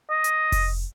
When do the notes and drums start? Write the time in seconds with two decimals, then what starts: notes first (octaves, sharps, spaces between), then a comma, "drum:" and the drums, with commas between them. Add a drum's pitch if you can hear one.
0.10 D#5
0.24 drum: hi-hat
0.52 drum: kick F1, open hi-hat